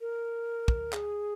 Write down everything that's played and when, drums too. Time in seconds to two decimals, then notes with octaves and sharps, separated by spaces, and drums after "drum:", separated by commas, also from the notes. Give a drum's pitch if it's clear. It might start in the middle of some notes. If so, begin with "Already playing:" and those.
0.01 A#4
0.68 drum: kick
0.93 G#4, drum: clap